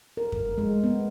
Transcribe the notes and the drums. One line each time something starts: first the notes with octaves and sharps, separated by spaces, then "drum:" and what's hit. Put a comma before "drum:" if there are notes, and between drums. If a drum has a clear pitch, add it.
A#4
drum: kick F#2
G#3
B3